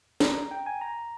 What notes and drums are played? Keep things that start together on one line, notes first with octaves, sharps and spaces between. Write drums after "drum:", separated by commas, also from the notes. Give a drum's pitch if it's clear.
A#5, drum: snare
G5
G#5
A#5